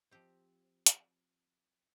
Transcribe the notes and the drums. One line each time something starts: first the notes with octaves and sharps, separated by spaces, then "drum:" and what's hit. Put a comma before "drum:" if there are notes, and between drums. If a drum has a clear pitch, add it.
F3 C4 G4
drum: hi-hat